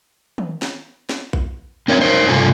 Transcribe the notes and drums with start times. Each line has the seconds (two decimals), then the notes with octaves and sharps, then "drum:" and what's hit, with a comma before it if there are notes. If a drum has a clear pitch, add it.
0.38 drum: tom D#3
0.62 drum: snare
1.09 drum: snare
1.33 drum: kick A#1
1.88 C4 A#4 C#5 D5 E5
2.01 D#4 A#4 C5 C#5
2.28 G2 C3 F3 F4 A4 G#5